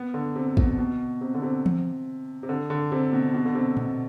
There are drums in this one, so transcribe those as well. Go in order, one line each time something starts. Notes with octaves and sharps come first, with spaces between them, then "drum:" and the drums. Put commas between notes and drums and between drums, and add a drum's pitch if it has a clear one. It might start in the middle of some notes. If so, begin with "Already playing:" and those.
Already playing: B3
D3
C3
B2, drum: kick
B2
C3
D3
C3
drum: tom E3
C3
D3
D3
C3
B2
B2
D3
C3
B2, drum: tom A#2